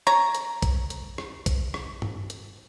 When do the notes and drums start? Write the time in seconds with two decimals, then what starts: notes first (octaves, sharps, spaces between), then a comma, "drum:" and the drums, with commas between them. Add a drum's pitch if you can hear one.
0.07 C#5 A#5, drum: rim click
0.35 drum: hi-hat
0.62 drum: kick, hi-hat
0.90 drum: hi-hat
1.18 drum: rim click
1.46 drum: kick, hi-hat
1.74 drum: rim click
2.02 drum: tom G2
2.30 drum: hi-hat